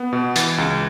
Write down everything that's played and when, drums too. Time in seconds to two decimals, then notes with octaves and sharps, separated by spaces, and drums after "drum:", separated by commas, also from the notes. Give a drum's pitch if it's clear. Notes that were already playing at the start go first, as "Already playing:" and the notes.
Already playing: B3
0.13 B2
0.36 E3, drum: hi-hat
0.58 C#2